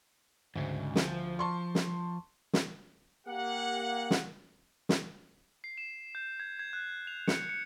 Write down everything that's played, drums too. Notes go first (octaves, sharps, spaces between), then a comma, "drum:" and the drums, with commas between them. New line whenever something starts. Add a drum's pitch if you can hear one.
D2 G#2 C#3
F3, drum: snare
A5 C6 C#6
drum: snare
drum: snare
A#3 G4 F#5
drum: snare
drum: snare
C7
E7
G6
G#6
G#6
F#6
F7
C#7, drum: snare
C#7